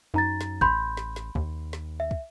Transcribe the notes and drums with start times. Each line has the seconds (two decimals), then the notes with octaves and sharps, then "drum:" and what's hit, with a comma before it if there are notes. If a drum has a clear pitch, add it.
0.14 F#2 D#4 A#5 A6
0.41 drum: snare
0.61 A1 B5 C6 G6, drum: kick
0.97 drum: snare
1.16 drum: snare
1.35 D#2, drum: kick
1.73 drum: snare
2.00 E5
2.11 drum: kick